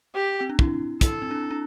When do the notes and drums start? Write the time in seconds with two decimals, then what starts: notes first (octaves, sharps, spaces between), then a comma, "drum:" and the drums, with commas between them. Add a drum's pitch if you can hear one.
0.15 G4
0.41 C4
0.50 D4
0.59 E4, drum: kick
1.01 E4 A4, drum: kick, hi-hat
1.22 C4
1.31 D4
1.51 D4